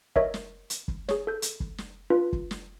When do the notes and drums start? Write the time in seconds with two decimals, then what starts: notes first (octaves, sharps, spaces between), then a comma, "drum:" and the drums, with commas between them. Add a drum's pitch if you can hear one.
0.16 A#4 C#5 D#5 E5, drum: kick
0.34 drum: snare
0.70 drum: hi-hat
0.88 drum: kick
1.09 G#4 C#5, drum: snare
1.27 A4 G6
1.42 drum: hi-hat
1.60 drum: kick
1.78 drum: snare
2.10 D4 F4 B4
2.33 drum: kick
2.51 drum: snare